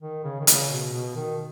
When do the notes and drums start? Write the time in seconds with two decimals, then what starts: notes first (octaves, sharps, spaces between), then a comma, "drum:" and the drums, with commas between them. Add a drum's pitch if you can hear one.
0.02 D#3
0.24 C#3
0.40 D#3
0.47 C#3, drum: hi-hat
0.70 B2
0.93 B2
1.16 D#3